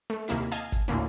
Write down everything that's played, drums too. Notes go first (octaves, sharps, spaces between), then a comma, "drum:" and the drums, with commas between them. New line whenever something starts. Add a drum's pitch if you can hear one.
A3
D#2 C3 A#3 E4 B6, drum: hi-hat
D#5 F5 G#5 A5 C7
drum: kick G#1, hi-hat
D2 A2 D3 A#3 C#4